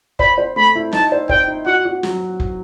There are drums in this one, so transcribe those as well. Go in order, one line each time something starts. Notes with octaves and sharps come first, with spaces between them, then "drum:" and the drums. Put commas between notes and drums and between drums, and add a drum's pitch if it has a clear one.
C5 B5, drum: kick F1
C5
A3 B5
E4
D#4 A5, drum: snare
C5
C5 G5, drum: kick F1
D#4
F#4 F#5
F#4
F#3, drum: snare
drum: kick F1